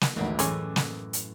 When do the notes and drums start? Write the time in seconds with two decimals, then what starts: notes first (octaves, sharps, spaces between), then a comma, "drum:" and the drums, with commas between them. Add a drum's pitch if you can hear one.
0.01 drum: snare
0.16 G#1 D2 E3 A#3 G4
0.39 F#2 A2 E3 G#3 C#4 D6, drum: hi-hat
0.76 drum: snare
1.13 drum: hi-hat